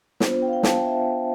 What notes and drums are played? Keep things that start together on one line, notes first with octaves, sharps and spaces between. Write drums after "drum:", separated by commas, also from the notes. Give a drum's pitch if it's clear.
B3 D4 F4 C5, drum: snare
C5
G5
F5
G5
A5, drum: snare
G5
E5